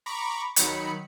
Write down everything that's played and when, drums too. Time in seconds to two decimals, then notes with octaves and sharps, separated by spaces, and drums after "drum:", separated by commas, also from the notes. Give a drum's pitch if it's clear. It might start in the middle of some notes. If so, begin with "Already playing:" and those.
0.06 A#5 B5 C#6 D6
0.56 D#3 F#3 B5 C#7, drum: hi-hat